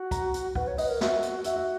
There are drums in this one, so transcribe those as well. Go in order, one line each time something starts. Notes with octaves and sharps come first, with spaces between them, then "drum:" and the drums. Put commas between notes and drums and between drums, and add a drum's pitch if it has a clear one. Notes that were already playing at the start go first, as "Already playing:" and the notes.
Already playing: F#4
A#5, drum: kick, hi-hat
drum: hi-hat
B4 F#5, drum: kick
C#5
B4 D#5, drum: open hi-hat
A#4
F#4 E5, drum: snare
drum: hi-hat
F#4 E5, drum: hi-hat
E5